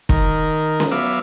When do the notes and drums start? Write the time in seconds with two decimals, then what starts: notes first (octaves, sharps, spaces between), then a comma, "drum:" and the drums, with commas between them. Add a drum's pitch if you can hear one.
0.09 D#3 A#4, drum: kick
0.80 drum: snare C#4
0.91 F#3 B3 E5 F5 D6